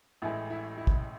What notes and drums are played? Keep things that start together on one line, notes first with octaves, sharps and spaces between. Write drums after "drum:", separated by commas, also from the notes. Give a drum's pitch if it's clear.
A1 A2 E3 G#3 E4
E4
E4
drum: kick